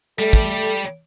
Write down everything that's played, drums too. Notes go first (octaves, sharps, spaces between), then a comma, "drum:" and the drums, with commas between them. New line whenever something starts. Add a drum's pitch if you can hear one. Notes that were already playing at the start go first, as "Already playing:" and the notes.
G3 A3 A4
drum: kick